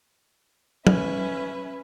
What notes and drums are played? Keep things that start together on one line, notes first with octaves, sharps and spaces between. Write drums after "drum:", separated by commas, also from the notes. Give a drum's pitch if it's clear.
C#4 B4 E5, drum: tom